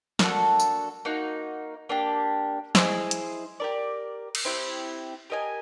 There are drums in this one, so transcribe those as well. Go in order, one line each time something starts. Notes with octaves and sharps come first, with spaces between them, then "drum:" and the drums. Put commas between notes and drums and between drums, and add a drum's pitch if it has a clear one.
A#3 D4 F#4 A4, drum: snare
drum: tambourine
A#3 D#4 F#4
A#3 D4 G4
E4 G#4 C5 D#5, drum: snare
drum: hi-hat
G4 A#4 D5
drum: cymbal
C4 E4 G4
G4 A#4 D#5 G#5